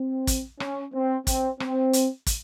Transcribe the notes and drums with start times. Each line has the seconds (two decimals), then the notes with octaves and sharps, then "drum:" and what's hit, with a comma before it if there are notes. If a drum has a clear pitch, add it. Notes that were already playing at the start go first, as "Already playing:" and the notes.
Already playing: C4
0.27 drum: kick, hi-hat
0.60 C#4, drum: rim click
0.93 C4
1.27 C4, drum: kick, hi-hat
1.60 C4, drum: rim click
1.93 drum: hi-hat
2.27 drum: kick, hi-hat